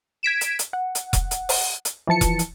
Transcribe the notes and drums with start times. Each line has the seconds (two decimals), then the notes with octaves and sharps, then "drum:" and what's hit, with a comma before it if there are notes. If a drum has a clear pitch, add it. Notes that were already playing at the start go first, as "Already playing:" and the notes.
0.23 G#6 B6 D7 E7
0.41 drum: hi-hat
0.59 drum: hi-hat
0.73 F#5
0.95 drum: hi-hat
1.13 drum: kick E1, hi-hat
1.31 drum: hi-hat
1.49 drum: open hi-hat
1.85 drum: hi-hat
2.07 E3 F3 A5 C#7
2.21 drum: kick E1, hi-hat
2.39 drum: hi-hat